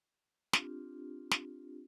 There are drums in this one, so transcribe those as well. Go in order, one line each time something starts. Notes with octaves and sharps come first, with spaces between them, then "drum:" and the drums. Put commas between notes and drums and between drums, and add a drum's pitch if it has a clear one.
C4 D4 F4 G4, drum: snare
drum: snare